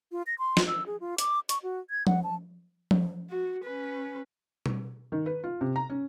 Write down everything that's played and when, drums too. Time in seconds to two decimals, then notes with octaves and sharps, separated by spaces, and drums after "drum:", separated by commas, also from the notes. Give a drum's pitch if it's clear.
0.12 F4
0.26 A#6
0.39 C6
0.57 drum: snare
0.67 E6
0.86 G#4
1.00 F4
1.18 D6, drum: hi-hat
1.49 C#6, drum: hi-hat
1.63 F#4
1.90 G#6
2.07 F#5, drum: tom F3
2.24 A5
2.91 drum: tom F3
3.30 F#4
3.63 C#4 B4
4.66 drum: tom B2
5.12 D#3
5.26 B4
5.44 F4
5.61 C3
5.76 A#5
5.90 C#4